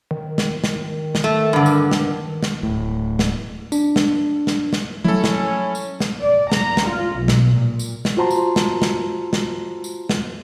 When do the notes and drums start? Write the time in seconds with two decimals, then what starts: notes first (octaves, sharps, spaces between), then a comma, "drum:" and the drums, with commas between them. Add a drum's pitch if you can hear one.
0.11 D#3
0.38 drum: snare
0.64 drum: snare
1.15 drum: snare
1.24 A3
1.53 G2 D3
1.66 drum: tambourine
1.91 drum: snare
2.43 drum: snare
2.63 D1 A2
3.19 drum: snare
3.72 D4, drum: tambourine
3.96 drum: snare
4.47 drum: snare
4.73 drum: snare
5.04 F3 F#3 A3 C#4 E4 A4
5.24 drum: snare
5.75 drum: tambourine
6.00 drum: snare
6.21 D5
6.52 A#5, drum: snare
6.77 drum: snare
6.88 F4
7.18 B1
7.28 drum: snare
7.53 A#2
7.79 drum: tambourine
8.05 drum: snare
8.17 F4 F#4 C5 A5 A#5 C6
8.31 drum: tambourine
8.56 drum: snare
8.82 drum: snare
9.33 drum: snare
9.84 drum: tambourine
10.09 drum: snare